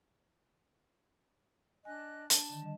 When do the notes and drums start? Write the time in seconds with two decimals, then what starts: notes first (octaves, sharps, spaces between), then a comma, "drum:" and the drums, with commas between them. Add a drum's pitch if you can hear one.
1.85 D4 D#5 G#5 F#6
2.30 D4 A5, drum: hi-hat
2.50 D3 D#3
2.62 G3 D#5